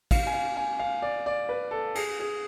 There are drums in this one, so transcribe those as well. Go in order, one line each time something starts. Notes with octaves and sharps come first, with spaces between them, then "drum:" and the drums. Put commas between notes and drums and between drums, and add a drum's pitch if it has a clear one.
F5, drum: kick, cymbal
G#5
F5
G#5
F5
D5
D5
B4
A4
G#4, drum: cymbal
G#4